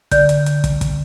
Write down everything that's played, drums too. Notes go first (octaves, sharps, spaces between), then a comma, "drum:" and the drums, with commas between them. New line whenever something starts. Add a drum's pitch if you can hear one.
D3 D5 G6, drum: kick, hi-hat
drum: hi-hat
drum: hi-hat
drum: kick, hi-hat
drum: kick, hi-hat